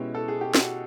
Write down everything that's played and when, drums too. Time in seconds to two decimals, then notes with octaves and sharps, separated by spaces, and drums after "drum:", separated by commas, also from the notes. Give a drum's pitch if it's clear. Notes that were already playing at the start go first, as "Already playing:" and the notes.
Already playing: B2 G#3 C#4 E4 G4
0.14 A4
0.28 G#4
0.41 G4
0.55 F#4, drum: snare